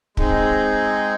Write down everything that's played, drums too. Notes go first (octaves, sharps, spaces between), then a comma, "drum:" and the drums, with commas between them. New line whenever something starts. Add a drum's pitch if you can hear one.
G#3 C4 D#4 G#4, drum: kick